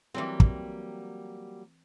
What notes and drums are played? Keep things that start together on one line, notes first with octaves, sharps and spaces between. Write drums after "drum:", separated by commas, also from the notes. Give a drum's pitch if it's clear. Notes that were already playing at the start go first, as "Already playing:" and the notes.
E3 F#3 G3 A#3 C4
drum: kick